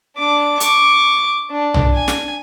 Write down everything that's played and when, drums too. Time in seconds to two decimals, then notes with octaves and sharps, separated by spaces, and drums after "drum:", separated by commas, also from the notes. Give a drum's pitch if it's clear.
0.17 D4 D6
0.60 C#6 D6, drum: hi-hat
1.50 D4
1.74 drum: tom
1.94 G#5
2.08 drum: snare